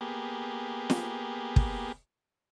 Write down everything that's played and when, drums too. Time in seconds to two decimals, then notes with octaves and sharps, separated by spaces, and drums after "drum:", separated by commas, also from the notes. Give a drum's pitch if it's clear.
0.01 A#3 B3 G4 G#4
0.90 drum: snare
1.56 drum: kick